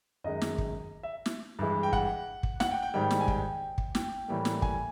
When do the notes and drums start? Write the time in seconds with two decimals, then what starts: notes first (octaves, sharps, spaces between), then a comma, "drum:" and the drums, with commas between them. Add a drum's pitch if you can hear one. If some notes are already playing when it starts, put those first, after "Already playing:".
0.24 F#2 D#3 G#3 D#5
0.41 drum: snare
0.58 drum: kick
1.03 E5
1.26 drum: snare
1.59 G2 E3 G#3
1.83 G5
1.93 F#5, drum: kick
2.43 drum: kick
2.60 F#5, drum: snare
2.71 G5
2.82 G5
2.94 G#2 D#3 G3 G5
3.11 drum: snare
3.21 G#5
3.28 G5, drum: kick
3.78 drum: kick
3.95 G5, drum: snare
4.28 A2 E3 G3 A#3
4.45 drum: snare
4.62 G#5, drum: kick